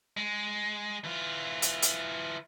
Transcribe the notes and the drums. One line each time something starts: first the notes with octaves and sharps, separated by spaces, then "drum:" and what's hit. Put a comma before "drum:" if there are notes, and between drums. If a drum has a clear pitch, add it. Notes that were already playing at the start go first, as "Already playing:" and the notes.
G#3
E3 F4
drum: hi-hat
drum: hi-hat